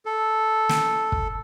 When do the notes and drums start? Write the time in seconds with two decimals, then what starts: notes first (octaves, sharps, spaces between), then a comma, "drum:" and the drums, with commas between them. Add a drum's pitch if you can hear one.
0.05 A4
0.69 drum: snare
1.12 drum: kick